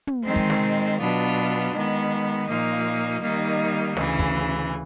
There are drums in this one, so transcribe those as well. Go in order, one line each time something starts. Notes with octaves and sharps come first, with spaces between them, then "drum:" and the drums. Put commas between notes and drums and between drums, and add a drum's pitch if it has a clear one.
drum: tom
D#3 G#3 C4
drum: kick
drum: snare
B2 F#3 B3 D4 F4
D#3 G#3 B3
A#2 F3 A#3 D#4
D#3 G3 A#3 D#4
D2 C#3 E3, drum: snare
drum: kick